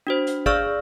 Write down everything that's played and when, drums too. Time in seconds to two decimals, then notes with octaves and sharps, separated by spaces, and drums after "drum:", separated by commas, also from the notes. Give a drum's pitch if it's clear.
0.07 D4 F#4 C5
0.27 drum: hi-hat
0.46 G#4 D5 F5 C#6 E6 F6, drum: kick G#1